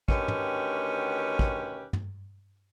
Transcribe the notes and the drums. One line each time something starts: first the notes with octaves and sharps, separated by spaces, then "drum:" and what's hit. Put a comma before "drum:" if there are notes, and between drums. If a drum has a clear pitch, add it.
D2 D#3 C#4 G4 B4, drum: kick
drum: tom
drum: kick
drum: tom